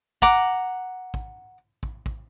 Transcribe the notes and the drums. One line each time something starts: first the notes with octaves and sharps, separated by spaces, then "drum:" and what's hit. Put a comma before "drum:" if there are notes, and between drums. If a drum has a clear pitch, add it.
F#5 A#5 D6, drum: kick
drum: kick
drum: kick
drum: kick